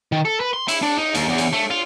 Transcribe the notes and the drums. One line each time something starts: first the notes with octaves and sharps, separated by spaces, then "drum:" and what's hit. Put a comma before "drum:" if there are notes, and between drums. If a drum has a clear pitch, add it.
D#3
A4
B4
C6
E4, drum: cymbal
D4
D#4
D#2, drum: cymbal
E2
drum: cymbal
A3
F4